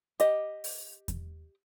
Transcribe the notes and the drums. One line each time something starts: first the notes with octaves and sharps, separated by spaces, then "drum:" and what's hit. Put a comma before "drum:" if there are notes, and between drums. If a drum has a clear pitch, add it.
G4 D#5, drum: hi-hat
drum: open hi-hat
drum: kick E2, hi-hat